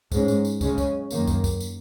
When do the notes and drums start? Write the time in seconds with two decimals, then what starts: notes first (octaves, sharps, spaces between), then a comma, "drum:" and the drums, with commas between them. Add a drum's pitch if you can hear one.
0.12 G#2 G#3 C#4, drum: kick, tambourine
0.28 drum: tambourine
0.45 drum: tambourine
0.61 C#3 G#3 C#4, drum: kick, tambourine
0.78 drum: kick, tambourine
1.11 F#2 D#3 A#3, drum: tambourine
1.27 drum: kick, tambourine
1.44 drum: kick, tambourine
1.60 drum: tambourine